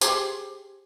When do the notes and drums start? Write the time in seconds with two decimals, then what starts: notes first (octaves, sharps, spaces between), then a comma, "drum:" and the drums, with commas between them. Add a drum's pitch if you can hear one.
0.01 G4 G#4 C5, drum: tambourine